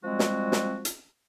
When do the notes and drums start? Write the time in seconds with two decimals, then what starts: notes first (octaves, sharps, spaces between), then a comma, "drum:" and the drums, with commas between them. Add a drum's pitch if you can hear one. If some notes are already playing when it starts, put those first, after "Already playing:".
0.03 F3 G3 G#3 C4 F#4
0.19 drum: snare
0.52 drum: snare
0.85 drum: hi-hat